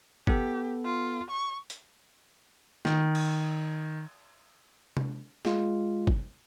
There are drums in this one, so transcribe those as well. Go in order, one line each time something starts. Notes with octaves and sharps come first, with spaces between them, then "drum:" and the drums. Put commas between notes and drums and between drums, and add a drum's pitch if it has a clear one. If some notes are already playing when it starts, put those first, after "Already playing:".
B3 G4 A4, drum: kick
F4
C#6
drum: hi-hat
D#3, drum: snare
drum: cymbal
drum: tom C3
G#3 F4, drum: snare
drum: kick